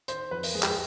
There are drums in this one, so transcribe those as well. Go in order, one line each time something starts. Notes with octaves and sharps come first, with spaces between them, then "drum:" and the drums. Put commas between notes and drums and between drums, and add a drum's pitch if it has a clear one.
D#3 C5, drum: hi-hat
F2 B4
drum: open hi-hat
G#3 G#4
G4, drum: clap
G#4